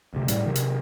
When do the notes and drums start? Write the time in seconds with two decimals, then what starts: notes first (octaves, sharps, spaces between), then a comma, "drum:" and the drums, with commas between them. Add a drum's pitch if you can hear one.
0.14 D2 C3
0.28 A2 G3, drum: hi-hat
0.46 C3 D#3
0.55 drum: hi-hat